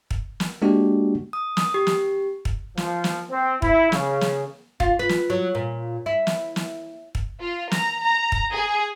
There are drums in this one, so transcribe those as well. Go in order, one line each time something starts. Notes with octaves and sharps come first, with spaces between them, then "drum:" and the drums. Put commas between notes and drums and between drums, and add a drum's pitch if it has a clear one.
drum: kick
drum: snare
G#3 A#3 D4 F#4 G4
D#6
D#6, drum: snare
G4
drum: snare
drum: kick
F3, drum: snare
drum: snare
C4
E4, drum: kick
C#3, drum: snare
drum: snare
F4, drum: kick
B4
drum: snare
F#3
A#2
E4
drum: snare
drum: snare
drum: kick
F4
A#5, drum: snare
A#5
drum: kick
G#4